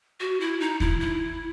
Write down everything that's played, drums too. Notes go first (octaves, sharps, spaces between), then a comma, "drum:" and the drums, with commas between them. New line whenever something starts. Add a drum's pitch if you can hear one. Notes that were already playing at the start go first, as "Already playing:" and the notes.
F#4
E4
D#4
E4, drum: kick D#2
E4